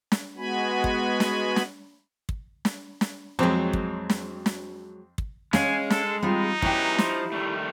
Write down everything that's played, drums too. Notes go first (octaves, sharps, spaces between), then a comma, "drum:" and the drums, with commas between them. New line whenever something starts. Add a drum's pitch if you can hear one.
drum: snare
G#3 B3 F#4 G#5 B5
drum: kick
drum: snare
drum: snare
drum: kick
drum: snare
drum: snare
F2 F#3 G#3 C4
drum: kick
drum: snare
drum: snare
drum: kick
G#3 C#4 F5 G#5, drum: snare
A4, drum: snare
G3 C4 D#4 F4
F#3 B3 C#4 E4 G4, drum: kick
F3, drum: snare
D#3 G3 A3